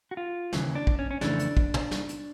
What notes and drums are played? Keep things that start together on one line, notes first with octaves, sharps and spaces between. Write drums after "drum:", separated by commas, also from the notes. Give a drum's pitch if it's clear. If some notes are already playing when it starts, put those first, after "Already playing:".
F#4
F4
D#2 C#3 E3, drum: snare
D4
drum: kick
C#4
C#4
F2 C#3 E3 A3 D4, drum: snare
drum: hi-hat
drum: kick
drum: tom
drum: snare
drum: hi-hat